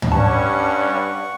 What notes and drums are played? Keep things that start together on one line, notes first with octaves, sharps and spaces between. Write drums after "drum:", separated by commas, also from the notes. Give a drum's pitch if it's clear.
drum: tom
G2 G3 C#4 F#5 A5 C#6